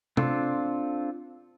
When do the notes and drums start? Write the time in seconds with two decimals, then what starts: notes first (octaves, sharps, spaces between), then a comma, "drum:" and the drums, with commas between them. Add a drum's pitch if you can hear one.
0.17 C4 D4 F4 A4, drum: tom C3